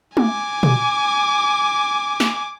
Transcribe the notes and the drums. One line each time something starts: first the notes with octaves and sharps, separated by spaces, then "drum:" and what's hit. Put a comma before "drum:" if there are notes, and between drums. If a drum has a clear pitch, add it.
G#5 D6, drum: tom
drum: tom A#2
drum: snare